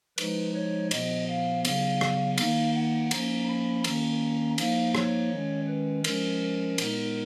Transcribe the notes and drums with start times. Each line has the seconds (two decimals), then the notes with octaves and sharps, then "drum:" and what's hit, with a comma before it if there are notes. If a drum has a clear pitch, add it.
0.18 F3 G#3 D#4 B4, drum: cymbal
0.55 C#5
0.91 A#2 F3 B3 D#5, drum: cymbal
1.28 F5
1.65 C#3 F#3 B3 F5, drum: cymbal
2.01 drum: rim click
2.38 D#3 A#3 D#4 F5, drum: cymbal
2.74 F#5
3.11 F3 A#3 C#4 A#5, drum: cymbal
3.48 B5
3.84 D#3 A#3 C#4 A#5, drum: cymbal
4.58 F3 A#3 D#4 F5, drum: cymbal
4.95 C#5, drum: rim click
5.31 D#3 G#3 C#4
5.68 B4
6.04 F3 G#3 C#4 A#4, drum: cymbal
6.78 A#2 G#3 B3 D#4, drum: cymbal